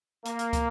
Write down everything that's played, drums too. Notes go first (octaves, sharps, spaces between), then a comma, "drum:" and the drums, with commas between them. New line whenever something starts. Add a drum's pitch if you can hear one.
A#3, drum: hi-hat
drum: hi-hat
drum: kick, hi-hat